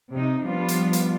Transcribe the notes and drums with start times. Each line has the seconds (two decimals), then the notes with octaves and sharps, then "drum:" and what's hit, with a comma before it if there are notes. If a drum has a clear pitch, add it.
0.14 C3 D#4
0.44 F3 G3 B3 D4 F4
0.68 drum: hi-hat
0.93 drum: hi-hat